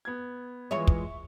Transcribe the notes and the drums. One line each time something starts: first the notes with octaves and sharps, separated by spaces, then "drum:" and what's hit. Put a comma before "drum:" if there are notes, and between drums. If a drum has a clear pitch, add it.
B3 G#6
E3 G#3 F4 C#5 E5 C#6
drum: kick